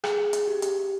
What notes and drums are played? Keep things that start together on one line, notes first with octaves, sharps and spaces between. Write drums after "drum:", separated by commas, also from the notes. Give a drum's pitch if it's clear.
G#4, drum: rim click
drum: hi-hat
G4
drum: hi-hat